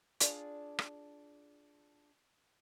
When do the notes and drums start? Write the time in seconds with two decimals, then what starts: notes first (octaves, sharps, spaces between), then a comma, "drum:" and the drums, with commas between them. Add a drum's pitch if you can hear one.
0.20 D4 F4 G#4 D5, drum: hi-hat
0.79 drum: rim click